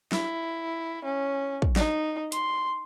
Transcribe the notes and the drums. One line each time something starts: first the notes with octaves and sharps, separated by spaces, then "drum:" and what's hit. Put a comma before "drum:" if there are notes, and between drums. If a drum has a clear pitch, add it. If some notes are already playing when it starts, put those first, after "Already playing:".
E4, drum: snare
C#4
drum: kick
D#4, drum: snare
C6, drum: hi-hat